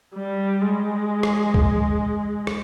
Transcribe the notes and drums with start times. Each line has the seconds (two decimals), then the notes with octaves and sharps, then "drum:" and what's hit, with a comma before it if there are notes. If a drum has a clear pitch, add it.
0.15 G3
0.61 G#3
1.23 drum: rim click
1.54 drum: kick
2.47 drum: rim click